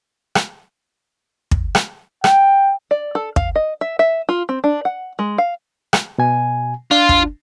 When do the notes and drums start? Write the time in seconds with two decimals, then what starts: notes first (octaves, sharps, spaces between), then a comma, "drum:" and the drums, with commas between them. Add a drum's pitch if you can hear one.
0.35 drum: rim click
1.51 drum: kick
1.75 drum: rim click
2.24 G5, drum: rim click
2.91 D5
3.15 A4
3.36 F5, drum: kick
3.56 D#5
3.81 E5
3.99 E5
4.29 F4
4.49 C4
4.64 D4
4.85 F#5
5.19 G#3
5.38 F5
5.93 drum: rim click
6.18 B2 G#5
6.91 D4 F4
7.09 drum: kick